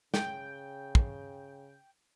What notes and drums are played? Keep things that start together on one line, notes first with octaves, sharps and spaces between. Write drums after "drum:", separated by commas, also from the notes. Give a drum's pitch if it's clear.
C#3 G5, drum: snare
drum: kick